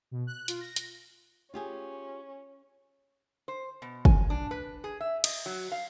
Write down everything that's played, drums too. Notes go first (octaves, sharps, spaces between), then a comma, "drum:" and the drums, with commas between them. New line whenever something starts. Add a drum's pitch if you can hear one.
B2
F#6
F4, drum: hi-hat
A#6
drum: hi-hat
C#4 F4 G4 G#4
C5
B2
G#5, drum: kick
D4
B4
G#4
E5
D#5, drum: cymbal
F#3
F5